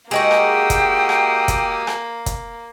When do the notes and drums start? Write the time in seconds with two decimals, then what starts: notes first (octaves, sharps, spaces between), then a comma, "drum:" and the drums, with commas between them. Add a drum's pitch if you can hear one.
0.11 G#3 A#3 D#4 F#4 G4 G5 D#6 E6
0.31 drum: rim click
0.70 drum: kick, hi-hat
1.09 drum: rim click
1.48 drum: kick, hi-hat
1.87 drum: rim click
2.26 drum: kick, hi-hat